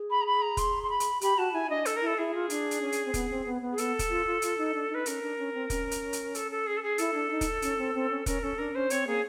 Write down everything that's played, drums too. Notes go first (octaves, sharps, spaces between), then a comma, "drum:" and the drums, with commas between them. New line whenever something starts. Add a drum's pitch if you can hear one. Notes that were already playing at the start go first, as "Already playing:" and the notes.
Already playing: G#4
B5
A#5
B5
A#5
C6, drum: kick, hi-hat
C6
B5
drum: hi-hat
G4 B5, drum: hi-hat
F#4 A5
E4 G#5
D4 D#5
A4, drum: hi-hat
A#4
E4 A4
E4 G#4
F4
D4, drum: hi-hat
drum: hi-hat
C#4
drum: hi-hat
C4
B3, drum: kick, hi-hat
C4
B3
B3
G#4
B3 A4, drum: hi-hat
drum: kick, hi-hat
F4
F4
F4, drum: hi-hat
D#4
D4
D#4 B4
C#4 A#4, drum: hi-hat
D4
C#4
C4
C#4, drum: kick, hi-hat
drum: hi-hat
drum: hi-hat
A4, drum: hi-hat
A4
G#4
A4
G#4
E4 A4, drum: hi-hat
D4
D#4
drum: kick, hi-hat
C#4, drum: hi-hat
C4
C4
C#4
C#4 A#4, drum: kick, hi-hat
C#4 A4
D4 A#4
C#4 C5
C4 C#5, drum: hi-hat
A#3 G#4